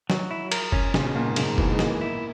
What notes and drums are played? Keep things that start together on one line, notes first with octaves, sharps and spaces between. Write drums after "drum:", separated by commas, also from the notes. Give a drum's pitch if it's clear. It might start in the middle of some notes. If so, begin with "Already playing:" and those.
F#3, drum: snare
E4
A#4, drum: cymbal
C#4, drum: kick F#1
A#2 C#3, drum: snare
B2
A#2 A#3
G#2
F#2 C#3, drum: cymbal
G#2
B2 E3, drum: kick F#1
G#3
B3
G#3 A#3, drum: snare
E4